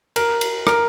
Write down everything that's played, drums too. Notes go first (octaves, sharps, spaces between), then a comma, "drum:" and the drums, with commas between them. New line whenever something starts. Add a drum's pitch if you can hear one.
A#4, drum: cymbal
drum: cymbal
A#4, drum: rim click